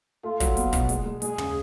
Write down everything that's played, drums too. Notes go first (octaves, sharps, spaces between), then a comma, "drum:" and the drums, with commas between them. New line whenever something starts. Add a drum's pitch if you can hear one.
A3 F4
F#3, drum: kick, hi-hat
B3, drum: hi-hat
B2, drum: kick, hi-hat
G#3, drum: hi-hat
G#3
G#3 G#4, drum: hi-hat
C#3, drum: tom